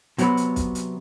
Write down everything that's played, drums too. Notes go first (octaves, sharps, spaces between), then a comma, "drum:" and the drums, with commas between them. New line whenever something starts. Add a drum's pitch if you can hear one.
C3 F#3 B3, drum: hi-hat
drum: hi-hat
drum: kick, hi-hat
drum: hi-hat